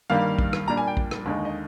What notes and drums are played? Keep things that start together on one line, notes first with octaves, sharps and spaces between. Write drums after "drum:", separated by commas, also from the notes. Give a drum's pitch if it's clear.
G2 D#3 G3 A#3 F5
drum: kick
drum: rim click
A#2 G3 D4 A#5
G#5
G5
drum: kick
drum: rim click
D#2 D3 G#3 D#4
D#5